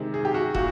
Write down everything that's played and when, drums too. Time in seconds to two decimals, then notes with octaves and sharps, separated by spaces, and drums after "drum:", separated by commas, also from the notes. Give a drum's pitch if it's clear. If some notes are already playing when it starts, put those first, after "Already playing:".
Already playing: C3 D#3 G#3
0.14 G#4
0.25 G4
0.34 F#4
0.55 A#2 F#4, drum: kick